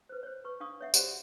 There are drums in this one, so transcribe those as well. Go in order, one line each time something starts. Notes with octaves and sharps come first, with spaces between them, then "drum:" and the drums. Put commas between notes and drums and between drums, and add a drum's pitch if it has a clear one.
B4 C5
C5 C#5
B4 C#6
D4 F5 C#6 D#6
C#5 E5 F#5
F#4 G4 C5 D5 F#5, drum: tambourine